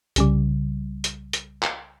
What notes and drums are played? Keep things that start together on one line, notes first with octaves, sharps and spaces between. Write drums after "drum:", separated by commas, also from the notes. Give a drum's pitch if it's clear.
C2 C#3 G3, drum: hi-hat
drum: hi-hat
drum: hi-hat
drum: clap